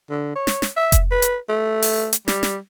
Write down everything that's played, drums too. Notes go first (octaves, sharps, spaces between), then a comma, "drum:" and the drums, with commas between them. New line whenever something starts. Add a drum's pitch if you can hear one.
D3
C#5
drum: snare
drum: snare
E5
drum: kick F1, hi-hat
B4
drum: hi-hat
A3
drum: open hi-hat
drum: hi-hat
G3, drum: snare
drum: snare